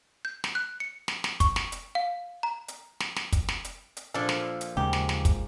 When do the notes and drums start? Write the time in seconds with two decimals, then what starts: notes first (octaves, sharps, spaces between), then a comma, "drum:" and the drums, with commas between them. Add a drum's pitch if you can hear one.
0.25 G6
0.44 drum: snare
0.55 F#6
0.80 C#7
1.08 drum: snare
1.24 drum: snare
1.40 C#6, drum: kick, hi-hat
1.56 drum: snare
1.72 drum: hi-hat
1.95 F5
2.43 A#5
2.68 drum: hi-hat
3.00 drum: snare
3.16 drum: snare
3.32 drum: kick, hi-hat
3.48 drum: snare
3.65 drum: hi-hat
3.97 drum: hi-hat
4.14 A#2 F3 D4 A4
4.29 drum: snare
4.61 drum: hi-hat
4.77 D#2 G#2 C#3 G4
4.93 drum: snare
5.09 drum: snare
5.25 drum: kick, hi-hat